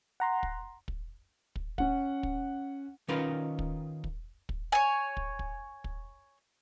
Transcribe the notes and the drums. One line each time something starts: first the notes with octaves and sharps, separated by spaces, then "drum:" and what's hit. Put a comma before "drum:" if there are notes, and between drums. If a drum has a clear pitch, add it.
F#5 A#5 C6
drum: kick
drum: kick
drum: kick
C#4 F#5, drum: kick
drum: kick
D#3 C#4 D#4 F4 A#4 B4
drum: kick
drum: kick
drum: kick
C#5 G#5
drum: kick
drum: kick
drum: kick